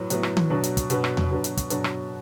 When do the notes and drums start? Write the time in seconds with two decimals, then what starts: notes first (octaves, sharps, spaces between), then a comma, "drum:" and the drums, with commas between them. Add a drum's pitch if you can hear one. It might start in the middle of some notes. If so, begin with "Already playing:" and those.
Already playing: A2 F#3 B3
0.10 A2 F#3 B3, drum: hi-hat
0.23 drum: rim click
0.37 drum: tom D#3
0.50 B2 F#3 D4 B4
0.63 drum: hi-hat
0.77 drum: kick, hi-hat
0.90 B2 F#3 D4 B4, drum: hi-hat
1.04 drum: rim click
1.17 drum: tom E2
1.31 B2 F#3 D4 B4
1.44 drum: hi-hat
1.57 drum: kick, hi-hat
1.70 B2 F#3 D4 B4, drum: hi-hat
1.84 drum: rim click